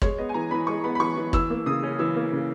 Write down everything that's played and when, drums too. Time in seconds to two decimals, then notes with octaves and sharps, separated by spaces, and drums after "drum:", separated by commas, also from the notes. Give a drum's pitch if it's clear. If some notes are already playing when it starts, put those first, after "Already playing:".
0.02 G#3 C#5, drum: kick
0.18 B3 D#5
0.29 G#5
0.34 E3 A#5
0.51 E3 B5
0.67 G#3 C#6
0.84 B3 B5
0.95 B5
1.00 E3 C#6
1.17 E3
1.33 E3 E6, drum: kick
1.50 A#3
1.66 C#3 D#6
1.83 C#4
1.99 E3 E6
2.16 A#3
2.32 C#3